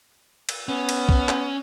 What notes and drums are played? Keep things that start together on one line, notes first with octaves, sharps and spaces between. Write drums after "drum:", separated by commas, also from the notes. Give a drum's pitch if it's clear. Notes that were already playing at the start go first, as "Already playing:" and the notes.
drum: cymbal
B3 C#4
drum: cymbal
drum: kick
drum: clap